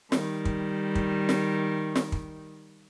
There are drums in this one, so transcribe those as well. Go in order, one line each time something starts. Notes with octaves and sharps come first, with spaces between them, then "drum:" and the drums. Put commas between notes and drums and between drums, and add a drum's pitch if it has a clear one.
D#3 G3, drum: snare
drum: kick
drum: kick
drum: snare
drum: snare
drum: kick